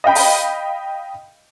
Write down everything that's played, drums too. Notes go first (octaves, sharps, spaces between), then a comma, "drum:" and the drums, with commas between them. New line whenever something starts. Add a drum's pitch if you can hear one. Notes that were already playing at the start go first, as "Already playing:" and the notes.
D#5 F5 G5 B5
drum: open hi-hat